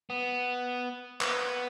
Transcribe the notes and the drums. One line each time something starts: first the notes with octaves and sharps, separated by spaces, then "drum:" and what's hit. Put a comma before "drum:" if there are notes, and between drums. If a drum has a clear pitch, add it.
B3
B3, drum: clap